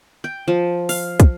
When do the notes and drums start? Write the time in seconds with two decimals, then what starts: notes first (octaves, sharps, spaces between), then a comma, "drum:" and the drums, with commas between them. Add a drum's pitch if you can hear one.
0.24 G5
0.48 F3
0.89 F5, drum: open hi-hat
1.20 drum: kick, hi-hat